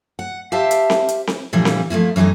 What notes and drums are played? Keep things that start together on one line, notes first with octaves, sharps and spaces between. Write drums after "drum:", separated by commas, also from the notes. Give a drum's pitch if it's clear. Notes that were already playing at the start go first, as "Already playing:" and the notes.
F#5
G4 C5 E5 F5 A5
drum: hi-hat
drum: snare C4
drum: hi-hat
drum: snare C4
A#2 D3 E3 F3 G3
drum: snare C4
F3 A3 A#3 E4
F#2 E3 F#3 A3 D#4